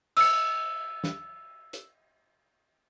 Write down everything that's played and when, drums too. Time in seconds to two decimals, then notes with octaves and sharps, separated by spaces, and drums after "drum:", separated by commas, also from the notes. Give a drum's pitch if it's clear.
0.17 E6 C#7, drum: cymbal
1.04 drum: snare
1.73 drum: hi-hat